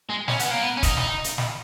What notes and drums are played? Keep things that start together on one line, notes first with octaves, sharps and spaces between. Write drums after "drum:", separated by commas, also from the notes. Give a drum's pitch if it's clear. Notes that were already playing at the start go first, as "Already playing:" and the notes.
G#3
C#4, drum: snare
B3, drum: hi-hat
A#3
B3
C#4
D#4, drum: kick, hi-hat
drum: snare
drum: hi-hat
drum: snare